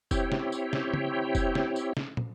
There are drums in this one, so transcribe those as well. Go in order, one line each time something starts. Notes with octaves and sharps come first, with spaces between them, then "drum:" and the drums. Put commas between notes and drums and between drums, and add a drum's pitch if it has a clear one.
C4 E4 G4 C#5 G5, drum: kick, tambourine
drum: snare
drum: tambourine
drum: snare
drum: tom C#3
drum: kick, tambourine
drum: snare
drum: tambourine
drum: snare
drum: tom